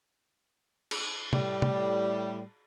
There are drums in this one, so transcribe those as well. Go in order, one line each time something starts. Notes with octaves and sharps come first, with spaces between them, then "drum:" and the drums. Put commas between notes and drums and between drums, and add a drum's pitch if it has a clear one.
drum: cymbal
A2 G3, drum: tom C3
drum: tom C3